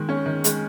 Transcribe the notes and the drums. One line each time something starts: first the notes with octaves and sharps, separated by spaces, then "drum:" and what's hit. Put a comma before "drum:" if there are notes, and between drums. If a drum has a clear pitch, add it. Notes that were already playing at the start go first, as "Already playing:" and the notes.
Already playing: D#3 G#3
C#4
D#3
G#3, drum: hi-hat